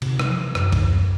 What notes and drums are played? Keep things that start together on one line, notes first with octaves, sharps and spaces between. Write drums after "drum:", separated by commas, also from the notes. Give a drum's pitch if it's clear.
C3, drum: cymbal
drum: rim click
F3
F#2, drum: rim click
drum: kick B1, cymbal